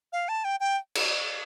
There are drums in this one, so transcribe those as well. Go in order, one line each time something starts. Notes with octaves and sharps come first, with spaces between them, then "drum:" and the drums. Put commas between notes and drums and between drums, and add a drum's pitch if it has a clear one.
F5
A5
G5
G5
drum: cymbal